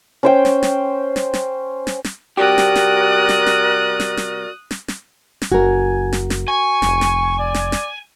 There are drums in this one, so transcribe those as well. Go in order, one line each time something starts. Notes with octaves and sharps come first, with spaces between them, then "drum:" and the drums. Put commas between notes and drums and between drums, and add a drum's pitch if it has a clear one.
C#4 C5 G5
drum: snare
drum: snare
drum: snare
drum: snare
drum: snare
drum: snare
C2 F#4 G4 A#4 D5 D#6 F#6
drum: snare
drum: snare
drum: snare
drum: snare
drum: snare
drum: snare
drum: snare
drum: snare
drum: snare
F#1 F#4 A#4 G#5
drum: snare
drum: snare
G#5 C#6
F1, drum: snare
drum: snare
D5
drum: snare
drum: snare